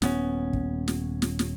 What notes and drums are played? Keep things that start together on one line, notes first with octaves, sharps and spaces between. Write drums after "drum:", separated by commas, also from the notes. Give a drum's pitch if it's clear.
D#1 B3 C#4, drum: snare
drum: kick
drum: snare
drum: snare
drum: snare